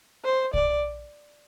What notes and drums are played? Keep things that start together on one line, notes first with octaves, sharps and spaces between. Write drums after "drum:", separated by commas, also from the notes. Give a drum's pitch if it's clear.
C5
D5, drum: kick